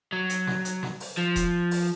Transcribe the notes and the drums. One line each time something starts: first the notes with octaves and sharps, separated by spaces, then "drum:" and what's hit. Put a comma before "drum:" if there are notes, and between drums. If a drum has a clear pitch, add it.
F#3
drum: hi-hat
drum: snare
drum: hi-hat
drum: snare
drum: open hi-hat
F3
drum: kick D#1, hi-hat
drum: open hi-hat